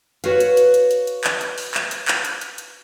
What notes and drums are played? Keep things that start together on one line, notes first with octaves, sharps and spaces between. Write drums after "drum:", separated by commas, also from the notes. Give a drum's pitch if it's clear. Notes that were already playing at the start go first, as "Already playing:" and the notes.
F#4 B4 C#5 F5, drum: hi-hat
drum: hi-hat
drum: hi-hat
drum: hi-hat
drum: hi-hat
drum: hi-hat
drum: clap
drum: hi-hat
drum: open hi-hat
drum: clap
drum: hi-hat
drum: clap
drum: hi-hat
drum: hi-hat
drum: hi-hat